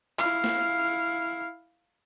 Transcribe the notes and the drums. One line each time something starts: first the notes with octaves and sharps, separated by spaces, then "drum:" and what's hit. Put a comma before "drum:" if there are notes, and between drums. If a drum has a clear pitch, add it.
E4 F5, drum: clap
drum: snare